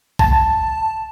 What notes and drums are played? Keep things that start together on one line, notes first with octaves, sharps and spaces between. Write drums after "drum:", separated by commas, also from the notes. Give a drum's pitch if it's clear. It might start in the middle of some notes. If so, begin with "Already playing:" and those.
A5, drum: kick